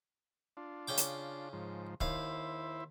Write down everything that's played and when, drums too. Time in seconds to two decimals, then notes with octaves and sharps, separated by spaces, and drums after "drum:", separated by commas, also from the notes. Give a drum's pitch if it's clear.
0.57 D4 F4
0.88 C#3 G5 D6
0.97 drum: hi-hat
1.53 G#2 F3
2.01 D#2 E4 C5 E5 F5, drum: kick C#1